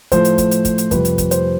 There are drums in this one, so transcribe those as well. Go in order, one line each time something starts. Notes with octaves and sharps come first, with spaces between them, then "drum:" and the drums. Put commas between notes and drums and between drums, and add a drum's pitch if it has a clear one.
A2 F3 A3 C5, drum: kick, hi-hat
drum: hi-hat
drum: kick, hi-hat
drum: hi-hat
drum: kick, hi-hat
drum: hi-hat
F2 C3 G3 B4, drum: kick, hi-hat
drum: hi-hat
drum: kick, hi-hat
C5, drum: hi-hat